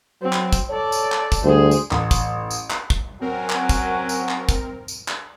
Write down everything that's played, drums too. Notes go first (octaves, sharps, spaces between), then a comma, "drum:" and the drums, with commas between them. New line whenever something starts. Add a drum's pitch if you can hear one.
F#3 C4
drum: clap
drum: kick, tambourine
A4 C#5 D5
drum: tambourine
drum: clap
drum: kick, tambourine
D2 G3 G#4 C5
drum: tambourine
A1, drum: clap
drum: kick, tambourine
drum: tambourine
drum: clap
drum: kick
F#3 C4 C#4 F#4 A#4
drum: clap
drum: kick, tambourine
drum: tambourine
drum: clap
drum: kick, tambourine
drum: tambourine
drum: clap